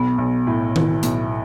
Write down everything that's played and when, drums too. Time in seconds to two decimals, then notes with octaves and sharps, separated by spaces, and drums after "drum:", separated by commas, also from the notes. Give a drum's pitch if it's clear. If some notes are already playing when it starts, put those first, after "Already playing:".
Already playing: B1 B3
0.18 B1
0.47 A2
0.76 E3, drum: tom D#3
1.03 B1, drum: hi-hat